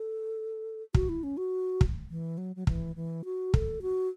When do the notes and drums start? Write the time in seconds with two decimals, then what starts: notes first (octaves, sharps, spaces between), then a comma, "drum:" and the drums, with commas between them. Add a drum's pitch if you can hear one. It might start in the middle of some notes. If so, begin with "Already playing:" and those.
Already playing: A4
0.94 F#4, drum: kick
1.09 E4
1.23 C#4
1.37 F#4
1.81 drum: kick
2.10 E3
2.38 F#3
2.56 F#3
2.67 E3, drum: kick
2.96 E3
3.25 F#4
3.54 A4, drum: kick
3.82 F#4